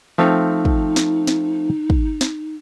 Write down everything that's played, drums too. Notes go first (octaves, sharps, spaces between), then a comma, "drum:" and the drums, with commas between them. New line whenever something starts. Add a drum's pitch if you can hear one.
F3 A3 C4 D#4
drum: kick
drum: snare
drum: snare
drum: kick
drum: snare